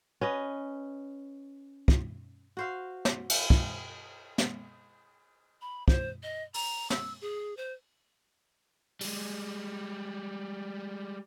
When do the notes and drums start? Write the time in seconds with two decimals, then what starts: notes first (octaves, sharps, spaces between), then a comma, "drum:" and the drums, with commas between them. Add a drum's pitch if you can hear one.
0.21 C#4 B4 D#5
1.88 drum: kick
2.57 F#4 C5 F5
3.05 drum: snare
3.30 drum: cymbal
3.50 drum: kick
4.38 drum: snare
5.61 B5
5.88 C5, drum: kick
6.23 D#5
6.54 A#5, drum: open hi-hat
6.90 E6, drum: snare
7.21 G#4
7.57 C5
9.01 G3 G#3, drum: open hi-hat